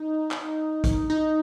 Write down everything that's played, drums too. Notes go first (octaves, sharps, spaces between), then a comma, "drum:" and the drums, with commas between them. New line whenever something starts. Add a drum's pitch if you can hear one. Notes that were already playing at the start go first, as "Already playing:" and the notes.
Already playing: D#4
drum: clap
drum: kick, hi-hat
D#4